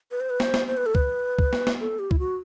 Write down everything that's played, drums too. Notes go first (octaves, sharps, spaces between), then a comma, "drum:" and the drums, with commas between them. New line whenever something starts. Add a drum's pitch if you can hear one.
B4
C5
B4
C5, drum: snare
drum: snare
C5
B4
A4
B4, drum: kick C#2
drum: kick C#2
drum: snare
drum: snare
A4
G4
E4, drum: kick C#2
F#4